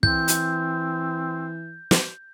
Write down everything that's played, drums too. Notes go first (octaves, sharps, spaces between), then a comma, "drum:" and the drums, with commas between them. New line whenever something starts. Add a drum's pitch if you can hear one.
E3 C4 G6, drum: kick
drum: hi-hat
drum: snare